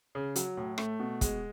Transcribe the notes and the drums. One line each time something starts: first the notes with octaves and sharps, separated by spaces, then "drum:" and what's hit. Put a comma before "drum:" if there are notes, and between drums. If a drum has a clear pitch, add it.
C#3
F#3, drum: hi-hat
A2
A3, drum: rim click
B2
G#3, drum: kick, hi-hat